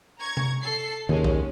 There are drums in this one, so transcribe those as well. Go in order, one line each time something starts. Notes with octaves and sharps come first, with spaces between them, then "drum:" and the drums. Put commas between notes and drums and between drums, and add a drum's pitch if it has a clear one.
A#5 C#6 G#6
drum: tom
A4 C7
D#2 G#3 C#4, drum: tom
drum: kick